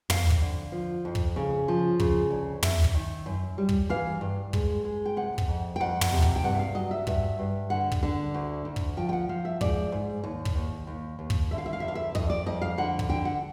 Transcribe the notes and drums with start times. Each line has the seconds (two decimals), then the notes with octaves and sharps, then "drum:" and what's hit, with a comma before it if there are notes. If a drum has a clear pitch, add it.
0.10 F2 F5, drum: tom
0.30 drum: kick
0.41 D3
0.72 F3
1.05 F2
1.15 drum: kick
1.36 C#3
1.68 F3
2.00 C#3, drum: kick
2.31 D2
2.63 F#2 E5, drum: tom
2.84 drum: kick
2.94 D#3
3.26 F#2
3.58 G3
3.69 drum: kick
3.89 E3 F5
4.21 G2
4.53 G#3, drum: kick
4.85 G#3
5.06 G5
5.17 C3 F#5
5.38 drum: kick
5.48 F2
5.76 G5
5.80 F2 F#5
6.01 drum: tom
6.12 C3
6.22 drum: kick
6.36 G5
6.44 G2 F#5
6.55 E5
6.59 F5
6.75 F#3 D#5
6.91 E5
7.07 G2 E5, drum: kick
7.39 G2
7.70 D3 F#5
7.92 drum: kick
8.03 D3
8.34 D2
8.65 D2
8.76 drum: kick
8.97 F3 G5
9.09 G5
9.13 F#5
9.29 F3 F5
9.45 E5
9.61 G#2 D5, drum: kick
9.92 G#2
10.24 D#2
10.45 drum: kick
10.56 D#2
10.87 D#2
11.19 D#2
11.30 drum: kick
11.51 D3 E5
11.58 F5
11.66 E5
11.73 F5
11.80 F2 E5
11.88 F5
11.95 E5
12.15 F2 D#5, drum: kick
12.30 D5
12.46 F2 D#5
12.62 F5
12.78 D3 F#5
12.99 drum: kick
13.09 D3 G5
13.25 F#5